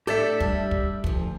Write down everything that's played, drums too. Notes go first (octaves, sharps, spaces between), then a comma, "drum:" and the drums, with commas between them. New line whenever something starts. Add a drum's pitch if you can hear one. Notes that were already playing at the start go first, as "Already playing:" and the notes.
A2 D4 G4 A4 D5 E5
G3, drum: kick
drum: kick
D2 F3, drum: kick